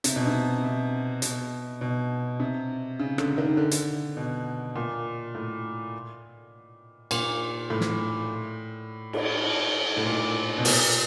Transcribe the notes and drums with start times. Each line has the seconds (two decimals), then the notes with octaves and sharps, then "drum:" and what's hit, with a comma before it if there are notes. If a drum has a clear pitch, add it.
0.04 C3, drum: hi-hat
0.16 B2
0.27 C3
0.63 C3
1.22 B2, drum: hi-hat
1.81 B2
2.40 C3
2.99 C#3
3.18 D3, drum: rim click
3.38 D#3
3.57 D3
3.71 drum: hi-hat
4.17 B2
4.76 A#2
5.35 A2
7.11 A#2, drum: cymbal
7.70 A2
7.81 drum: snare
9.13 drum: cymbal
9.97 A2
10.06 A#2
10.58 B2
10.65 A#2, drum: open hi-hat